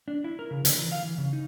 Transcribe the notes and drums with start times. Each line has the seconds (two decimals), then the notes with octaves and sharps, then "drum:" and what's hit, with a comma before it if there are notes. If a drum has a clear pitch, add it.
0.08 D4
0.24 E4
0.39 A#4
0.51 C#3
0.65 D3, drum: hi-hat
0.77 E3
0.92 F5
1.03 E3
1.18 C#3
1.33 D#4